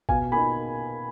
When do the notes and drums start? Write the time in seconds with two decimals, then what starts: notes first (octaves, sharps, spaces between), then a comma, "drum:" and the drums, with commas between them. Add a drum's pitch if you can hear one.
0.09 B2 F5 G#5, drum: kick G#1
0.32 A#3 D#4 G#5 B5